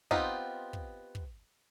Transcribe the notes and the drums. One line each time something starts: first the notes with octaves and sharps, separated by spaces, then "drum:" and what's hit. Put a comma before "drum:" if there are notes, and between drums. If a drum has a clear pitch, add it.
B3 C4 D#4 F4 G4, drum: kick
drum: kick
drum: kick